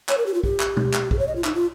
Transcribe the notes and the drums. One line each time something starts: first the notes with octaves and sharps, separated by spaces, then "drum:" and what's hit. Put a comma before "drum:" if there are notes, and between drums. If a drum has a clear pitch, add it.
C#5, drum: clap
A#4
G4
F4
G4, drum: kick
drum: clap
drum: tom
drum: clap
G#4, drum: kick
C#5
D#5
F4
D#4, drum: clap
F4